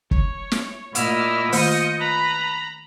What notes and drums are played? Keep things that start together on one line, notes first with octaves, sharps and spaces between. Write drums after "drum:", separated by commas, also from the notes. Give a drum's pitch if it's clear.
C#5, drum: kick
drum: snare
A#2 A3 A#3 E4 D#5 D6 E6 F6, drum: hi-hat
D#3 A3 A#3 F4 D#5 D#6 G6 C#7, drum: open hi-hat
B4 A#5 B5 A#6